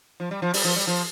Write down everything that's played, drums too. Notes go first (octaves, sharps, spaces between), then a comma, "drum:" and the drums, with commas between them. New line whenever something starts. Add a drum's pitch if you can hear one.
F3
G3
F3
G3, drum: open hi-hat
F3
G3
F3